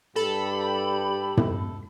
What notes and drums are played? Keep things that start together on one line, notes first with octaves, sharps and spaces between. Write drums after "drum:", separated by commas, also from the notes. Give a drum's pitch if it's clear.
G2 G4 A4 B5
drum: tom